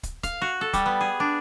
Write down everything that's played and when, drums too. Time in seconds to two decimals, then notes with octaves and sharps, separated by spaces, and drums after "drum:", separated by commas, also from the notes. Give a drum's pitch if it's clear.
0.03 drum: kick, hi-hat
0.23 F5, drum: kick, hi-hat
0.42 F#4
0.61 A4
0.73 G3, drum: kick, hi-hat
0.86 B3
1.01 G#4
1.20 D4